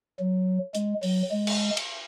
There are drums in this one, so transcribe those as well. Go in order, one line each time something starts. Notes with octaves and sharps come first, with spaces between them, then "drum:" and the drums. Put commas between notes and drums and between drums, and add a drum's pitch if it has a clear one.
F#3
G#3, drum: hi-hat
F#3, drum: open hi-hat
G#3
drum: cymbal
drum: cymbal